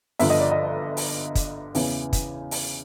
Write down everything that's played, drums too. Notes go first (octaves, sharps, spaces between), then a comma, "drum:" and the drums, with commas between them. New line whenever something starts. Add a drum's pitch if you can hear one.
G1 G2 D3 F3 E5, drum: open hi-hat
D#5
D5
D#5
drum: open hi-hat
drum: kick, hi-hat
E2 C#3 E3, drum: open hi-hat
drum: kick, hi-hat
drum: open hi-hat